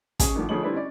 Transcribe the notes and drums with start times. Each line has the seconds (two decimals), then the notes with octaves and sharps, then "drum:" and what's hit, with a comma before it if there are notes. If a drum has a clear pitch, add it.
0.19 C#4 G#4 G#5, drum: kick, hi-hat
0.35 G#1 A2 D3 F3
0.49 D2 F3 G#4 C#5 F#7
0.62 D3 G3 C4 E4 B4 D5
0.74 C#4 D5